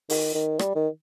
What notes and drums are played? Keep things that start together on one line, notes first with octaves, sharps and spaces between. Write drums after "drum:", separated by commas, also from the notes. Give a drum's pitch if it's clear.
D#3, drum: open hi-hat
D#3
G3, drum: rim click
D#3